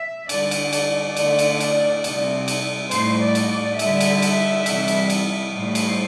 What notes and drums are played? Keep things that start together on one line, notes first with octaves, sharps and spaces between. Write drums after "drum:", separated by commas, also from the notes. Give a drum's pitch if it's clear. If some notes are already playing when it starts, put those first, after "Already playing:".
Already playing: E5
D3 G3 D5, drum: cymbal
drum: cymbal
D5, drum: cymbal
D3 A3, drum: cymbal
drum: cymbal
drum: cymbal
C3 G3, drum: cymbal
drum: cymbal
A2 G3 C5, drum: cymbal
D5
drum: cymbal
D5
D3 G3 E5, drum: cymbal
drum: cymbal
drum: cymbal
C3 E3 G3, drum: cymbal
drum: cymbal
drum: cymbal
A2 G3 C5
drum: cymbal